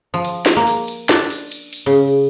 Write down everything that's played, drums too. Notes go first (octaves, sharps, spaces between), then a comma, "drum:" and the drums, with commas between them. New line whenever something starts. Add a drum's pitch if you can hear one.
F3
drum: cymbal
drum: snare
A#3
drum: cymbal
drum: cymbal
D4, drum: snare
drum: cymbal
drum: cymbal
drum: cymbal
C#3